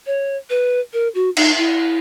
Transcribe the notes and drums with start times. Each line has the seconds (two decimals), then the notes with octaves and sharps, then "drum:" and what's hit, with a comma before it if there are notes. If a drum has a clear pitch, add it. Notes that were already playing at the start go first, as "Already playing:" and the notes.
0.07 C#5
0.50 B4
0.93 A#4
1.15 F#4
1.37 D#4, drum: cymbal
1.58 E4